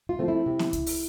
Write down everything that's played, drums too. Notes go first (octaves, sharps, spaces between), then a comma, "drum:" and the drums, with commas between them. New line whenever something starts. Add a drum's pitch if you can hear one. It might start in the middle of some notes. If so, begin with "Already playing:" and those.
F4
F3 A3 C4
E4
C3
drum: snare B3
drum: kick C2, hi-hat
drum: open hi-hat